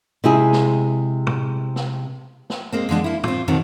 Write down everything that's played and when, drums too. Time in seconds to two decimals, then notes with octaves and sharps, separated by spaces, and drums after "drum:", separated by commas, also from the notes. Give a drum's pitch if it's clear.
0.24 C3 G#3 E4 G#4
0.53 drum: snare
1.27 drum: tom
1.76 drum: snare
2.50 drum: snare
2.72 G#3 A#3 C4
2.89 D3 F3 G#3 D4
3.04 A#3 E4
3.24 C4 F4, drum: tom
3.48 F2 B2 D#3 F#3 C4